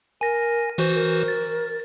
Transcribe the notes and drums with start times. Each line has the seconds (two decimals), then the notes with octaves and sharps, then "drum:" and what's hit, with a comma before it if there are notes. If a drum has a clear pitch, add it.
0.21 A#4 G#5 A#6
0.78 E3 F#4 C5, drum: cymbal
0.95 A#4
1.28 A6